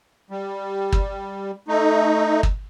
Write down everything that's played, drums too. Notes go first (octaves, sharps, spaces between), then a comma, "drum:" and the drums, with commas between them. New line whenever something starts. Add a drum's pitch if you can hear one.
G3
drum: kick
A3 D#4
drum: kick